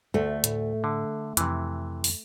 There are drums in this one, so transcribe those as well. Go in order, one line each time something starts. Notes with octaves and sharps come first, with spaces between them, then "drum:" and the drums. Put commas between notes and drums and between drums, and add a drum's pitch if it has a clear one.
D2 A3
A2, drum: hi-hat
D3
F2 C3 E3, drum: hi-hat
drum: open hi-hat